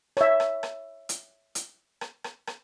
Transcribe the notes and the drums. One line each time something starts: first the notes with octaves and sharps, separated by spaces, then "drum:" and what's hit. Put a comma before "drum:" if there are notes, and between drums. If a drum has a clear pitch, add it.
C#5 E5, drum: rim click
drum: rim click
drum: rim click
drum: hi-hat
drum: hi-hat
drum: rim click
drum: rim click
drum: rim click